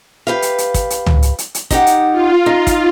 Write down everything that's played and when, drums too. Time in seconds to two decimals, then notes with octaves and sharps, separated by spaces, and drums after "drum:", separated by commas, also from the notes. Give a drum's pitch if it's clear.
0.27 G4 B4 F5
0.42 drum: hi-hat
0.58 drum: hi-hat
0.74 drum: kick, hi-hat
0.90 drum: hi-hat
1.06 drum: tom C#2
1.22 drum: hi-hat
1.38 drum: hi-hat
1.54 drum: hi-hat
1.71 D#4 G4 F#5, drum: kick, hi-hat
1.87 drum: hi-hat
2.12 F4
2.46 D#4
2.67 drum: kick, hi-hat